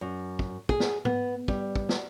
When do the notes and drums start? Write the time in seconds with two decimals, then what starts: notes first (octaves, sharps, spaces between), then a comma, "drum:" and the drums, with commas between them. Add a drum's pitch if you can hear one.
0.01 F#2
0.39 drum: kick
0.69 G#4, drum: kick
0.80 drum: snare
1.05 B3, drum: tom G#2
1.48 G3, drum: kick
1.75 drum: kick
1.89 drum: snare